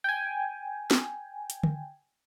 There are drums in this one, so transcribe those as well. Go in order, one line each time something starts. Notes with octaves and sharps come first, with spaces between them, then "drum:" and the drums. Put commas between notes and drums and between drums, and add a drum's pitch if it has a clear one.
G5 G#5
drum: snare
drum: hi-hat
drum: tom D3